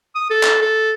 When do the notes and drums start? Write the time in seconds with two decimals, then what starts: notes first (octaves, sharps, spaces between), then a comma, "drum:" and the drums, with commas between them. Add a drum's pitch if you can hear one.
0.15 D#6
0.30 A4
0.43 drum: clap
0.62 A4